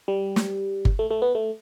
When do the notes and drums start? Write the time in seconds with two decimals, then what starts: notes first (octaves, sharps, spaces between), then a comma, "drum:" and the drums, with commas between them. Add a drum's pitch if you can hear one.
0.08 G3
0.36 drum: snare
0.85 drum: kick G1
0.99 A3
1.11 A3
1.22 B3
1.35 A3